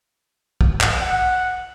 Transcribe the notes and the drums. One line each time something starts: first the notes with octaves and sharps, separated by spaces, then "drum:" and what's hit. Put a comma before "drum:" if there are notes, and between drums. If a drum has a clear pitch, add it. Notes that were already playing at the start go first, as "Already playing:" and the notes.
drum: kick
drum: clap
F#5